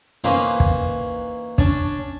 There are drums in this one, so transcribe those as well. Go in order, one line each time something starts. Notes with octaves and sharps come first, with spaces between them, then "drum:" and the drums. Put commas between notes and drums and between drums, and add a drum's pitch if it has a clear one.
E3 A#3 C#4 D#4 B4 C5
drum: kick
C#4 D4 A5, drum: kick